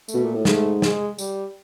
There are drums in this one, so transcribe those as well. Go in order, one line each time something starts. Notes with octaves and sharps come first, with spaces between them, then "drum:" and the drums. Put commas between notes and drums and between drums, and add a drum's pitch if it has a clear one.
A3, drum: tambourine
B2
A#2
A2
G#2 A3, drum: snare
G#3, drum: snare
G3, drum: tambourine